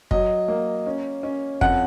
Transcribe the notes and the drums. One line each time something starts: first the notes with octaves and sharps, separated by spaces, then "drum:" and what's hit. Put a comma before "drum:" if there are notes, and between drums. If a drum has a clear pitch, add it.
F#3 D#5, drum: kick
A#3
C#4
C#4
F2 F#5, drum: kick